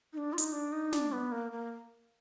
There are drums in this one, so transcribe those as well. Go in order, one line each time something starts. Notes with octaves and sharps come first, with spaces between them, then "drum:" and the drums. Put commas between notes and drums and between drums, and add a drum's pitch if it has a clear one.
D#4
D4
F4
D#4, drum: hi-hat
D4
D#4
D4, drum: snare
B3
A#3
A#3